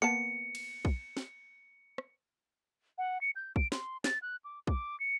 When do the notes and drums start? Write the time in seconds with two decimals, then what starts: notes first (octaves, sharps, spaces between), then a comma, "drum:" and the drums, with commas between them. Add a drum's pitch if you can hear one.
0.02 A#3 B3 A5 C#7
0.55 drum: cymbal
0.85 drum: kick
1.17 drum: snare
1.98 drum: rim click
2.98 F#5
3.21 C#7
3.36 G6
3.56 D7, drum: kick
3.72 C6, drum: snare
4.04 A6, drum: snare
4.22 F#6
4.45 D6
4.67 D6, drum: kick
5.00 C#7